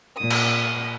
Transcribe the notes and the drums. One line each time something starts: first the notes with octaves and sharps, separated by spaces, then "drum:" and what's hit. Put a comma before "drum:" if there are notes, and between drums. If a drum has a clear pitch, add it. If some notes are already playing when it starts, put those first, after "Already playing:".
A#2 D#6
drum: cymbal